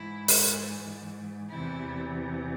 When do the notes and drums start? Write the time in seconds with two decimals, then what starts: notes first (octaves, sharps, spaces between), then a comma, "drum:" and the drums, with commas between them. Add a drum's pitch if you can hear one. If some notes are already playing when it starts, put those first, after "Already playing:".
Already playing: G#2 E3 E4
0.28 drum: open hi-hat
1.49 E2 C3 E3 E4